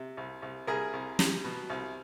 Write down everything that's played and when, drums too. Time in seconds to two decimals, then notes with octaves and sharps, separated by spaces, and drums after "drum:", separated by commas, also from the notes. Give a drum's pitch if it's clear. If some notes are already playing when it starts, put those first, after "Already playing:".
Already playing: C3
0.17 C2
0.42 C2
0.67 C2 G#4 A#4
0.93 C2
1.19 G3, drum: snare
1.44 B2
1.70 C2